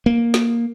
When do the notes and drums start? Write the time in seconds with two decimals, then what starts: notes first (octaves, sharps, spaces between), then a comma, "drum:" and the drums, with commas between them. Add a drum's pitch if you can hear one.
0.06 A#3
0.34 drum: snare